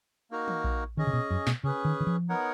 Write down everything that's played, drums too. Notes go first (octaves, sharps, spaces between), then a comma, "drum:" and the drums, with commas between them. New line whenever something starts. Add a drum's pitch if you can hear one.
A#3 D#4 F#4 A#4
drum: tom D#3
drum: kick A#1
D#3 C#4 G#4 D#5
C#3
B2
F#2
B2, drum: snare
C#3 C#4 G#4 B4
D#3
D#3
F3
B3 D#4 A#4 C#5 F#5